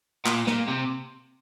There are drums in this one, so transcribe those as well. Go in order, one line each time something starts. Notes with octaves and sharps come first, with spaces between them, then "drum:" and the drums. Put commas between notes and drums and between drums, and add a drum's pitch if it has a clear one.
A#2, drum: clap
A#2, drum: snare
C3